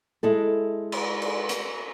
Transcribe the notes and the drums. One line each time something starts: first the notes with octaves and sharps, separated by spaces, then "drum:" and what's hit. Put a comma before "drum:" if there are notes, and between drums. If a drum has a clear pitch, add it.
G#3 E4 A4
drum: cymbal
drum: cymbal
drum: hi-hat